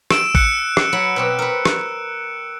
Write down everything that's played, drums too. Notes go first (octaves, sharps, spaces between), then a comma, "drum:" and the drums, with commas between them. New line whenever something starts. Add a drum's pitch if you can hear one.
E6 D7 E7, drum: rim click
E6 F#6 C#7, drum: kick A1
drum: rim click
F#3 B4 F#5
B2 C4 G4
A#4 B4
drum: rim click